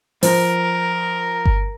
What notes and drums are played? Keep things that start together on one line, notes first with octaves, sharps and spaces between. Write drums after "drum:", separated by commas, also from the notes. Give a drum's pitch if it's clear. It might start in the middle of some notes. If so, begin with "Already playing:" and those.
F3 A#4 C5, drum: open hi-hat
drum: kick G1